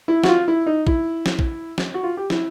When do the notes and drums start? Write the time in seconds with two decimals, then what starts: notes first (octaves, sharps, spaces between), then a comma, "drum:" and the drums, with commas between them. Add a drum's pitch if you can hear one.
0.08 E4
0.24 F#4, drum: snare
0.28 F4
0.48 E4
0.66 D#4
0.87 E4, drum: kick
1.26 drum: snare
1.39 drum: kick
1.78 drum: snare
1.94 F#4
2.03 F4
2.17 G4
2.30 E4, drum: snare